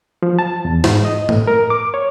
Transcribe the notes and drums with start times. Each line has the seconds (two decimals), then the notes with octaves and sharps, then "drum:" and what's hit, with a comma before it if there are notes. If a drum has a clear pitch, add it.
0.22 F3
0.39 A5
0.65 E2
0.84 G#2, drum: snare
1.05 D#5
1.29 A2, drum: tom G2
1.47 A#4
1.70 D6
1.94 C#5